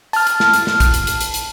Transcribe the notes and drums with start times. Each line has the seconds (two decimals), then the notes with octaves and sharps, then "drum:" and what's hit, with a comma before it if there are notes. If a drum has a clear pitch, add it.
0.13 A5 F6, drum: open hi-hat
0.27 drum: hi-hat
0.40 drum: snare
0.54 drum: hi-hat
0.67 drum: snare
0.80 drum: kick A#1, hi-hat
0.94 drum: hi-hat
1.07 drum: hi-hat
1.21 drum: hi-hat
1.34 drum: hi-hat